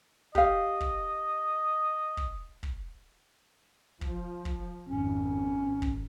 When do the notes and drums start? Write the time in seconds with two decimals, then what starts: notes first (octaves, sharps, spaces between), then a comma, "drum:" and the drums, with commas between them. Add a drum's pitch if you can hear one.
0.35 G4 D#5 F5, drum: kick
0.80 drum: kick
2.17 drum: kick
2.63 drum: kick
4.01 F3, drum: kick
4.45 drum: kick
4.89 G#1 F2 C#4
5.82 drum: kick